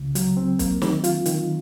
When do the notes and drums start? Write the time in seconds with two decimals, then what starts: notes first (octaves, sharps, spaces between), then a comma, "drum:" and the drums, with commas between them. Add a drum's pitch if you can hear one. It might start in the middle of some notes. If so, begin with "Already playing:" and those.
Already playing: C#2 C#3
0.15 F#3, drum: hi-hat
0.37 C4
0.59 A#3, drum: kick B1, hi-hat
0.82 D#3, drum: snare
1.04 F4, drum: hi-hat
1.26 D#3, drum: hi-hat